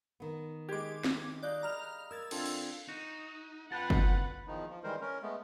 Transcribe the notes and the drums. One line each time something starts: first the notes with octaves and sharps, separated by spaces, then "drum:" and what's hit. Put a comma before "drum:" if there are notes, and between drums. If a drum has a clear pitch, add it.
D#3 B3
G#3 G4 D6 G#6
drum: snare
D5 D#5 F5 A#5 F#6 G6
D#5 A#5 B5 F6 F7
A#4 E6 G#6 A6
D3 C4 F4, drum: cymbal
drum: cymbal
D#4 F#4
F2 F4 B4 F#5 G5 A5
drum: kick F#1
E2 D#3 F3 D#4
F3
D#3 E3 G3 G#3 A#4 C5
C#4 A#4
G#3 A3 B3